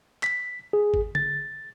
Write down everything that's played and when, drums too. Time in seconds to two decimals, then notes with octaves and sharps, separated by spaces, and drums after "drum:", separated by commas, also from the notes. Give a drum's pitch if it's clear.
0.23 B6, drum: clap
0.73 G#4
0.94 drum: kick
1.15 A6, drum: tom D3